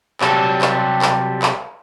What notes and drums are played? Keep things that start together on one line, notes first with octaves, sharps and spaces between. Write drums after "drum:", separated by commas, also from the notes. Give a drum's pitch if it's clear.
C3 F#3 G3 A4, drum: clap
drum: clap
drum: clap
drum: clap